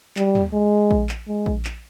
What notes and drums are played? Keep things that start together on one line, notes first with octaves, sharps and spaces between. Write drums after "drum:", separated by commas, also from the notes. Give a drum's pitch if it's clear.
G3, drum: clap
drum: tom
G#3
drum: kick A#1
drum: clap
G#3
drum: kick A#1
drum: clap